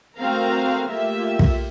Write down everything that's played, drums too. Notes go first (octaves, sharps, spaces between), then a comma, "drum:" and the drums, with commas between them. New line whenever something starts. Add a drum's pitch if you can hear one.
A3 C4 F#4 A#4 F5 A#5
A3 A#3 F4 G4 E5
drum: kick